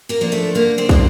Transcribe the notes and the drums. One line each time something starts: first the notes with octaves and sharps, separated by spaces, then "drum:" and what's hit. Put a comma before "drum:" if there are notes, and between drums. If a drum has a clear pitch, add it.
A#3 A#4
F3 A#3 D4
A3 A4
D3 A#3 A#4
C4 C5
F3 A#3 D4, drum: kick